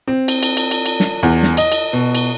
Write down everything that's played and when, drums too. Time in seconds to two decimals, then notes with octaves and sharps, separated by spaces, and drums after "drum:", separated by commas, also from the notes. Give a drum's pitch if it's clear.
0.08 C4
0.28 drum: cymbal
0.43 drum: cymbal
0.57 drum: cymbal
0.71 drum: cymbal
0.86 drum: cymbal
1.00 drum: snare
1.23 E2
1.43 drum: snare
1.57 D#5, drum: cymbal
1.72 drum: cymbal
1.93 B2
2.15 drum: cymbal